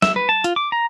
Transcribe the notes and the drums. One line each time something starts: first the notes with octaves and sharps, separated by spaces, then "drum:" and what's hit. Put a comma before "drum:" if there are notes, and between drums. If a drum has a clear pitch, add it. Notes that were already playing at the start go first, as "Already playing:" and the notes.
E5, drum: snare
B4
A5
F4, drum: hi-hat
D6
A#5